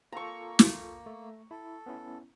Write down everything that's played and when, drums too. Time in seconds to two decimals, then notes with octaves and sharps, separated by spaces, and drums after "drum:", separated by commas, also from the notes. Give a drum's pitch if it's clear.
0.12 A#3 F4 A4 A#5 C#6
0.59 drum: snare
1.06 A3
1.51 E4 A4
1.86 B3 C#4 E4